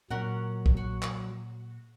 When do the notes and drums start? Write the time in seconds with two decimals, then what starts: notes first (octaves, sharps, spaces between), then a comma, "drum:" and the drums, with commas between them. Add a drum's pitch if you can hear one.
0.10 A#2 F#3 C#4 A#4 F#5
0.66 drum: kick B1
0.77 F#4
1.03 drum: clap